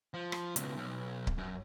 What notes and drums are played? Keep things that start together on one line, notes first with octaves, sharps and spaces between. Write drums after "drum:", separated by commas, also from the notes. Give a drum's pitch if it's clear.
F3
drum: rim click
C#2 B2, drum: hi-hat
B1
drum: kick C#1
F#2